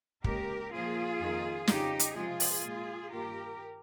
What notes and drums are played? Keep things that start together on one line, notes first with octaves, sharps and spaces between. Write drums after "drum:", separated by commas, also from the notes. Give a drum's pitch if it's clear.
D#2 C#3 G#3 G4 A#4, drum: kick
A#2 F3 A#3 F4 G#4
F2 D#3 A#3
F2 C#3 G3 D#4 G4, drum: snare
drum: hi-hat
C3 F3 G#3 F4 G#4
drum: open hi-hat
A#2 G#3
G2 D#3 A#3 G4 A#4